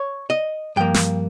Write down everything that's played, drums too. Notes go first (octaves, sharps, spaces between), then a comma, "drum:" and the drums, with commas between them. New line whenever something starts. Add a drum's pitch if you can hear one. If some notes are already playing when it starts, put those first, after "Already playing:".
Already playing: C#5
D#5
G2 F3 A#3 G5
drum: snare